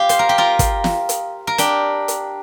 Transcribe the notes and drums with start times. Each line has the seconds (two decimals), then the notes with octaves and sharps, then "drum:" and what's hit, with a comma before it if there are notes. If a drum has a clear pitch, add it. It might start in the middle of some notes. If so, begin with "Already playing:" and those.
Already playing: F4 G4 F5
0.09 C5, drum: hi-hat
0.19 A#4
0.29 G4
0.38 F4 A#4
0.59 drum: kick, hi-hat
0.84 drum: snare
1.09 drum: hi-hat
1.47 A#4
1.58 D4 G4, drum: hi-hat
2.08 drum: hi-hat